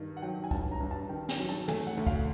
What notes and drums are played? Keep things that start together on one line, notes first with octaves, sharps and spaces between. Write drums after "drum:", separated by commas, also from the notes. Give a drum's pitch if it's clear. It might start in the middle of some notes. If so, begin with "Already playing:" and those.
Already playing: G2 D#3
F#5
F#3 G5
G#5
G2 A5, drum: kick
A#5
G2
A5
D#3 G5
G#5, drum: snare
F#3
A5
A3 G#5, drum: tom
F#5
D2
F5, drum: kick